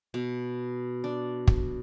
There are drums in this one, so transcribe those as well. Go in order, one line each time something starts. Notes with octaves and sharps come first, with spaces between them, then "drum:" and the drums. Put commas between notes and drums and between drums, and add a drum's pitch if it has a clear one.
B2
D4
drum: kick